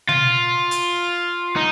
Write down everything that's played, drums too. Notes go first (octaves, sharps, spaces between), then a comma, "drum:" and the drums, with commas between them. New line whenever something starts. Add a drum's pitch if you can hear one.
F4, drum: tom B2
drum: hi-hat
D#4